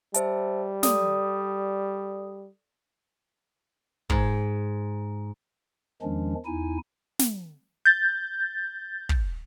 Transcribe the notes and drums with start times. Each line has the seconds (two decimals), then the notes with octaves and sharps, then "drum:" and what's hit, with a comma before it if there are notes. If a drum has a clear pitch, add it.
0.14 G3 C5 E5 A5, drum: hi-hat
0.83 A4 D5 D#6, drum: snare
4.10 G#2, drum: kick
6.02 E2 D#3 F3 G#3 C#4 D4
6.46 E2 D#4 E4 G#5
7.19 drum: snare
7.85 G6 A6
9.09 drum: kick